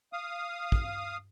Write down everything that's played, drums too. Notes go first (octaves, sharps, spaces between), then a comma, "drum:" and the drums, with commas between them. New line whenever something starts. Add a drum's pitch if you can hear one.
F5 D#6
drum: kick